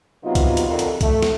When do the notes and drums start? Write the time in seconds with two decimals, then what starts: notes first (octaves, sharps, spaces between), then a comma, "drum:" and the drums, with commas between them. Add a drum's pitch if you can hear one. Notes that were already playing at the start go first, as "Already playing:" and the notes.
0.24 C3 F#3 B3 D#4 F4
0.35 drum: kick, hi-hat
0.57 drum: hi-hat
0.68 F2 D3 D#3
0.79 drum: hi-hat
1.01 A3, drum: kick, hi-hat
1.23 drum: snare